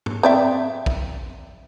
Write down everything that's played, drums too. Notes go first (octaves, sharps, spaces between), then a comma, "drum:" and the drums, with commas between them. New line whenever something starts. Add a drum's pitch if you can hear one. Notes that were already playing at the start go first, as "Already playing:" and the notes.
drum: tom
C4 D5 E5
drum: kick